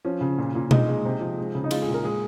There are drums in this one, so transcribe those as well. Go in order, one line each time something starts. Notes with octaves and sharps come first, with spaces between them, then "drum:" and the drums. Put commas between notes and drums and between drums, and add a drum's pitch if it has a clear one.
F3 C#4
C#3
A#2
A#2
G#3 D#4, drum: tom B2
G#3
C3
F3
G#3
C#3
D#4
G#3 F4, drum: cymbal
G#4
A#2
A#4
G#3 G#4